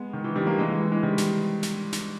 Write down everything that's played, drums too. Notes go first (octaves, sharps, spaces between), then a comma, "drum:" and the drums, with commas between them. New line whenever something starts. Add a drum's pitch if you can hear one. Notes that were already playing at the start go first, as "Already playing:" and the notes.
Already playing: G#3 B3
D#3
E3
D#3 G3
G3 A#3
E3 G#3
E3
E3
E3 G#3
D#3 G3
drum: snare
drum: snare
drum: snare